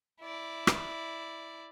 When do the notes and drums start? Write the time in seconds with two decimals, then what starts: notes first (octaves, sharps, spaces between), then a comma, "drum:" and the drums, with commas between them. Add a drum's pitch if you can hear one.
0.21 E4 D5
0.67 drum: rim click